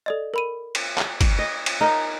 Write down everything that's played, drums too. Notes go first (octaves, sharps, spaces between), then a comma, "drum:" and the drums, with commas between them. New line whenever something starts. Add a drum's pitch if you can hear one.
A4 D5 D#5
A#4 B5 D#7
drum: cymbal
drum: clap
drum: kick, cymbal
D#5
drum: cymbal
D#4 A#4